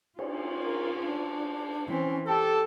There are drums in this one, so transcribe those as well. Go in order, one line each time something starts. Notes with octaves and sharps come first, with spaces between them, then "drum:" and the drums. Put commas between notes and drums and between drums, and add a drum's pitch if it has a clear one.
C#4 F4, drum: cymbal
A#4
D4
E3 C4 C#4
G4 A4 G5